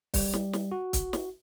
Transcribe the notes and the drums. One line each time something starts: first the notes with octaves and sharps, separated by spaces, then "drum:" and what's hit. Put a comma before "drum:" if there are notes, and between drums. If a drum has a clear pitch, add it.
G3, drum: kick, open hi-hat
drum: snare
drum: snare
F#4
drum: kick, hi-hat
drum: snare